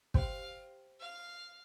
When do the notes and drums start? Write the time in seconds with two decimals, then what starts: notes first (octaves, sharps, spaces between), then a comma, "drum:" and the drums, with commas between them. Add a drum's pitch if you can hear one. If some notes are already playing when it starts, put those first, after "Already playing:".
0.14 G4 C5 F5 G5 C6, drum: kick
1.00 F5